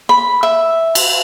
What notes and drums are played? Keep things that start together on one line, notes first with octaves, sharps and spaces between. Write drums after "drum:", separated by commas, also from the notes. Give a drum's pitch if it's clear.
B5
E5
drum: cymbal